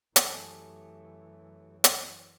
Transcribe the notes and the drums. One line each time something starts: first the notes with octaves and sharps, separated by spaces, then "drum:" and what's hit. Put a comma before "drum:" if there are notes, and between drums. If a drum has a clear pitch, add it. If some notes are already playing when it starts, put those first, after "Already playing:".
F#2 E3 A3 G4 G#4, drum: hi-hat
drum: hi-hat